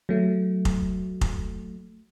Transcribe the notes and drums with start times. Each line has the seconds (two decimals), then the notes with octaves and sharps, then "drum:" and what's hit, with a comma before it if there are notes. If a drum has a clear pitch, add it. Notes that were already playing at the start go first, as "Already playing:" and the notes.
0.09 F#3 A3
0.65 drum: kick F1
1.21 drum: kick F1